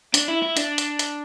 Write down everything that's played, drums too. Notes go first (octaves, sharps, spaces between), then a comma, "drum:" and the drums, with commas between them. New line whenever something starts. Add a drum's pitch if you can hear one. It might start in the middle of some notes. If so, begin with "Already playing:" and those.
D4, drum: hi-hat
E4
E4
D4, drum: hi-hat
drum: hi-hat
drum: hi-hat